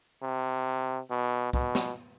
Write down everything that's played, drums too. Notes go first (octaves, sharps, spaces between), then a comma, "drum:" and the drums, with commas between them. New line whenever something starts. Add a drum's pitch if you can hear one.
C3
B2
B2, drum: kick
drum: snare